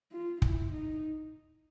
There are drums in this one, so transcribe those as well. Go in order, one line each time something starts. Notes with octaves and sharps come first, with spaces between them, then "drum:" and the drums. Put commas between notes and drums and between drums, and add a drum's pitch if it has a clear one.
F4
E4, drum: kick
D#4